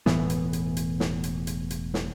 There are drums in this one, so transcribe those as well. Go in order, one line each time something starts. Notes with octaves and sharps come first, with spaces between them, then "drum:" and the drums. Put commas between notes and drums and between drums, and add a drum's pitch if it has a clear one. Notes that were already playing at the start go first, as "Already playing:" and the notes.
E1 A2 E3 B3, drum: snare
drum: hi-hat
drum: hi-hat
drum: hi-hat
drum: snare
drum: hi-hat
drum: hi-hat
drum: hi-hat
drum: snare